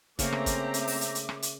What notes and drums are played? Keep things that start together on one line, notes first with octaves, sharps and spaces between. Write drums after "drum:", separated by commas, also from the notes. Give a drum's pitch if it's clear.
C#3 A3 A#3 C4 C#5 E5 A#5 D6, drum: kick, hi-hat
drum: rim click
drum: kick, hi-hat
drum: hi-hat
drum: open hi-hat
drum: hi-hat
drum: hi-hat
drum: rim click
drum: hi-hat